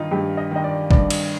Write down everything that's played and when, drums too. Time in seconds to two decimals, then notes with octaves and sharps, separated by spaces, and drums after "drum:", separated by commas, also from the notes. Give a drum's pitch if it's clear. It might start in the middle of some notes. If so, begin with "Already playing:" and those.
Already playing: G2 D#3 D#4 F4
0.11 G2 G4
0.37 D#5
0.51 D#3 D#5
0.64 D5
0.91 G2 D5, drum: kick
1.10 drum: cymbal